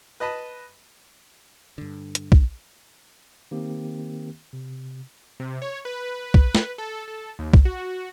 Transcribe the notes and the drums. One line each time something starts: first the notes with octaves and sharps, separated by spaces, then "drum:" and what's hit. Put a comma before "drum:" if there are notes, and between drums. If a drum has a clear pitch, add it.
B4 D#5 A5 B5
G2 D3
drum: hi-hat
drum: kick
D#3 A#3 C4 G4
C3
C3
C#5
B4
drum: kick
drum: snare
A4
A4
D#2
drum: kick
F#4